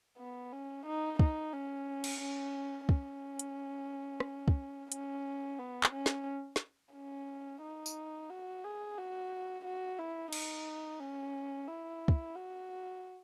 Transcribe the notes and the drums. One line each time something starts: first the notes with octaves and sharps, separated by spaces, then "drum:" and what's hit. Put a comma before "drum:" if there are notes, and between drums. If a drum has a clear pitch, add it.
B3
C#4
D#4
D#4, drum: kick
C#4
drum: cymbal
C#4
C#4, drum: kick
drum: hi-hat
drum: rim click
drum: kick
C#4, drum: hi-hat
B3
drum: clap
C#4
drum: snare
drum: snare
C#4
D#4
drum: tambourine
F#4
G#4
F#4
F#4
E4
D#4, drum: cymbal
C#4
E4
drum: kick
F#4